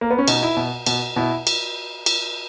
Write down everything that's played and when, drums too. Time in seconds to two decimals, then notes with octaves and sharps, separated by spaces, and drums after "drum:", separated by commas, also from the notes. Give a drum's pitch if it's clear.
0.01 A#3
0.11 B3
0.18 C#4
0.28 B2 D#4, drum: cymbal
0.43 E4
0.57 B2
0.86 B2, drum: cymbal
1.16 B2 E4
1.47 drum: cymbal
2.06 drum: cymbal